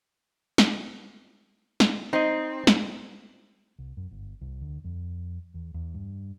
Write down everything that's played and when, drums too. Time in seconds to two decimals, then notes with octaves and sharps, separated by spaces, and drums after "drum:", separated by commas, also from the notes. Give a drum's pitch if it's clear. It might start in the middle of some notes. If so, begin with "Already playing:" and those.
0.58 drum: snare
1.80 drum: snare
2.13 C4 D#4 D#5
2.67 drum: snare
3.79 C2
3.97 F#2
4.11 G1
4.41 C2
4.61 D2
4.84 F2
5.54 E2
5.74 E2
5.94 G2